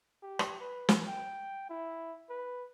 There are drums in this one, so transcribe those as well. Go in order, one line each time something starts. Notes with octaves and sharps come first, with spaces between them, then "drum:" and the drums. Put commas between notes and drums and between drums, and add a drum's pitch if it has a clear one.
G4
drum: rim click
B4
drum: snare
G5
E4
B4